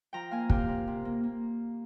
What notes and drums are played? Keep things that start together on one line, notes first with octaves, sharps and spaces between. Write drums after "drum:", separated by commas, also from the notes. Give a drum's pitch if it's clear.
F3 G5 A#5
A#3 F5 G#5
C3 G4 A#4, drum: kick
C3
C3
A#3
A#3